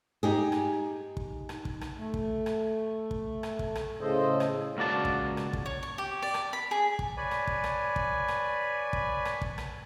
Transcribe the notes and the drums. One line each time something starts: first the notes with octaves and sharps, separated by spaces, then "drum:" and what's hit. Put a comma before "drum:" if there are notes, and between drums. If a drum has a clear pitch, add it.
D#4 G4 G#4
drum: rim click
drum: kick
drum: rim click
drum: kick
drum: rim click
A3
drum: kick
drum: rim click
drum: kick
drum: rim click
drum: kick
drum: rim click
A2 C#3 A4 C5 D#5
drum: rim click
C#2 A#3 F#4 D5 A5
drum: kick
drum: rim click
drum: kick
C#5
C#6
G4
D5
drum: rim click
B5
G#4
drum: kick
B4 C#5 D5 G#5 B5
drum: rim click
drum: kick
drum: rim click
drum: kick
drum: rim click
drum: kick
drum: rim click
drum: kick
drum: rim click